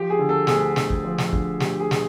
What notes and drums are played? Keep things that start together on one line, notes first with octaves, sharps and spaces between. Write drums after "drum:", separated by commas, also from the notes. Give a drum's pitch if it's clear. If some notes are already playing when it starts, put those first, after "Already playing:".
Already playing: F3 G4
G#4
D3
A4
D2 G#4, drum: snare
D2, drum: snare
drum: kick
F3
drum: snare
D3, drum: kick
D2 G4, drum: snare
G#4
G#4, drum: snare